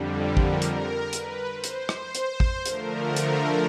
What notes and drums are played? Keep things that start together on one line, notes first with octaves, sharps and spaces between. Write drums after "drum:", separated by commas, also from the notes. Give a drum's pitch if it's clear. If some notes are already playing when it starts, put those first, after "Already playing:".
Already playing: F2 D3 G3
A#4, drum: kick
drum: hi-hat
A#4
B4, drum: hi-hat
C5
drum: hi-hat
C5, drum: rim click
drum: hi-hat
drum: kick
D3 F3 A3 A#4, drum: hi-hat
drum: hi-hat